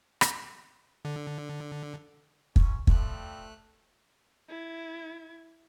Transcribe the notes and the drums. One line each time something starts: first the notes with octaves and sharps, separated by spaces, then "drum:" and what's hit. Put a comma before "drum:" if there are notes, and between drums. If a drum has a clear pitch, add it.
drum: rim click
D3
G#2 C#4, drum: kick
F3 G3 A3 C4 F#6, drum: kick
E4 G#6